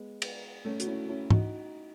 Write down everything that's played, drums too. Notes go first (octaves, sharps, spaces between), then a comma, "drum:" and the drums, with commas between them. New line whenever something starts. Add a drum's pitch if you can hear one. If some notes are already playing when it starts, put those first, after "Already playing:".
Already playing: G#3 B3
drum: cymbal
A3 C#4
F#4, drum: hi-hat
C#4 E4
C#4 E4
D#4 F#4, drum: tom